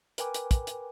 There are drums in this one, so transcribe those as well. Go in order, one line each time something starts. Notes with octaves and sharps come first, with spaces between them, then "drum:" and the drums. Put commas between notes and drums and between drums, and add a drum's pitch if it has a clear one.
A#4 B4 G5 G#5 D6, drum: hi-hat
drum: hi-hat
drum: kick, hi-hat
drum: hi-hat